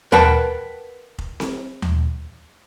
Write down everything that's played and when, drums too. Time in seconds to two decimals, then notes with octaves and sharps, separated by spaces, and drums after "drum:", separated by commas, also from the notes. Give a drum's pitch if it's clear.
0.12 A#4 B4 F#5 G5 A5, drum: tom D#2
1.19 drum: kick F1
1.40 drum: snare C4
1.82 drum: tom D#2